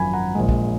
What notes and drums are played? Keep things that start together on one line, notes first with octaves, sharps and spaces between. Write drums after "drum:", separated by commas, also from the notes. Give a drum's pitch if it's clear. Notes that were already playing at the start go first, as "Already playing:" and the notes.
Already playing: G#1 F#2 F3 G#5 B5
F#5 A#5
A#1 A#2 G#3
drum: kick